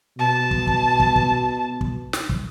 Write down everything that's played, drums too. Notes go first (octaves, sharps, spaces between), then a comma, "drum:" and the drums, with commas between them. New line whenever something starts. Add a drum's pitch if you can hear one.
B2 A5
drum: kick
drum: kick
drum: kick
drum: kick
drum: kick
drum: snare
drum: kick